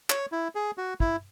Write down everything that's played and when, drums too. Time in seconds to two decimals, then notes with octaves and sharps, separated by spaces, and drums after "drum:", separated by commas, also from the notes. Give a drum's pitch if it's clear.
0.10 C#5, drum: clap
0.32 E4
0.55 G#4
0.78 F#4
1.00 E4, drum: kick